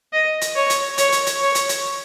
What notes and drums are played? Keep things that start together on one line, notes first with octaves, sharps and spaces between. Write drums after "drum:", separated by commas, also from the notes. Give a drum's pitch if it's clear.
D#5
drum: hi-hat
C#5
drum: hi-hat
C#5, drum: hi-hat
drum: hi-hat
drum: hi-hat
C#5
drum: hi-hat
drum: hi-hat